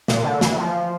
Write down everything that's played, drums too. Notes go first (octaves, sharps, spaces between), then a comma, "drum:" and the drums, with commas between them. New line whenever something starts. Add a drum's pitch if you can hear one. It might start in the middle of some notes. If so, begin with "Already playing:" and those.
A#2, drum: snare
D3
E3, drum: snare
F3